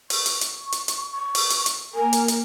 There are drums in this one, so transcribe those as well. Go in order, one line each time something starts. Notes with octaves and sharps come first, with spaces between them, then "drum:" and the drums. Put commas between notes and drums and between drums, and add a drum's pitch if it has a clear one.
C#6, drum: open hi-hat
drum: hi-hat
drum: hi-hat
drum: hi-hat
drum: hi-hat
C#6
drum: open hi-hat
drum: hi-hat
drum: hi-hat
A#3 A#4 G#5
drum: hi-hat
drum: hi-hat